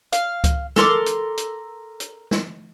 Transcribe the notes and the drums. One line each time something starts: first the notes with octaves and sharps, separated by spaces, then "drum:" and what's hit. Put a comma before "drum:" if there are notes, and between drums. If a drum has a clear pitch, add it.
F5, drum: hi-hat
drum: kick C#2, hi-hat
A4 A#4 C6 D6, drum: snare
drum: hi-hat
drum: hi-hat
drum: hi-hat
drum: snare